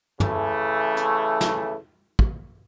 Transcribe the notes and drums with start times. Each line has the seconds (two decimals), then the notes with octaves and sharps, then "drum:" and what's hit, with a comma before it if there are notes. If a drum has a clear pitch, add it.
0.20 C#3 E3 A3, drum: tom
0.97 drum: hi-hat
1.41 drum: snare
2.19 drum: kick